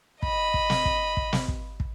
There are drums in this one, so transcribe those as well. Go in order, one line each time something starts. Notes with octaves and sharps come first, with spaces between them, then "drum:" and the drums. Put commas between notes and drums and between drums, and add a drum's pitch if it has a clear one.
D#5 B5, drum: kick
drum: kick
drum: snare
drum: kick
drum: kick
drum: snare
drum: kick
drum: kick